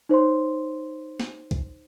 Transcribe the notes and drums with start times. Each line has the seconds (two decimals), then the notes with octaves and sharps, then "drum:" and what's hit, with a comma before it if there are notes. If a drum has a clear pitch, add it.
0.09 D#4 C5 C#5 C6
1.20 drum: snare
1.51 drum: kick C2